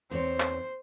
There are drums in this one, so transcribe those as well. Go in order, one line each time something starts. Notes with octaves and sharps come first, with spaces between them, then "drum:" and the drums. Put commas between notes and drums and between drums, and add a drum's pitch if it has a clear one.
E2 C4 C5 C#5, drum: hi-hat
drum: clap